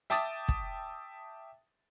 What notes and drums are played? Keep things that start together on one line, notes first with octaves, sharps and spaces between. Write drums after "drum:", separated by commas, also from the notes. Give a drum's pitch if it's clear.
E5 G5 A5 D6 D#6 A6, drum: hi-hat
drum: kick